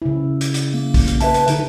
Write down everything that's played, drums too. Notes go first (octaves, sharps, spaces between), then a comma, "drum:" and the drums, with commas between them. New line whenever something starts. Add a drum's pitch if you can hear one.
C#3 E4
drum: hi-hat
drum: hi-hat
A#3
drum: kick, open hi-hat
drum: hi-hat
B4 E5 A5, drum: hi-hat
drum: hi-hat
D3 D#4, drum: hi-hat